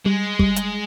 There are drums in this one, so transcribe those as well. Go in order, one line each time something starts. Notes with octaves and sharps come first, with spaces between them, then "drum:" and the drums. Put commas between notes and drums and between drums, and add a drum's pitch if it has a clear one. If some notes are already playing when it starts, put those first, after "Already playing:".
G3 G#3
G3, drum: kick
drum: hi-hat